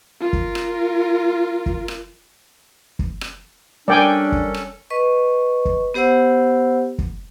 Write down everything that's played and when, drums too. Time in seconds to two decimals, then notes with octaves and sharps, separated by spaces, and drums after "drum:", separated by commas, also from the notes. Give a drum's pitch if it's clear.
0.21 F4 A#4
0.33 drum: kick
0.55 drum: rim click
1.66 drum: kick
1.88 drum: rim click
2.99 drum: kick
3.21 drum: rim click
3.88 G3 C#4 D4 A4 A#4 D5 G5 G#5
4.32 drum: kick
4.54 drum: rim click
4.90 B4 D#5 C#6
5.65 drum: kick
5.94 B3 G4 C5 F#5 E6
6.98 drum: kick